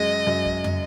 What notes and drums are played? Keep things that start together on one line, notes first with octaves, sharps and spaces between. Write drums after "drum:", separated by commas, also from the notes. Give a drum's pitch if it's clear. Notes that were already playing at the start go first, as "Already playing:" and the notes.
Already playing: F#2 G#3 D#5
F#2
drum: kick
drum: tom